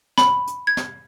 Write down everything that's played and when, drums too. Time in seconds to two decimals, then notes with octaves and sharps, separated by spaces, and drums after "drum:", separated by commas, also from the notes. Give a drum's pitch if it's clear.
0.18 B5, drum: snare
0.47 drum: hi-hat
0.67 G#6
0.77 drum: snare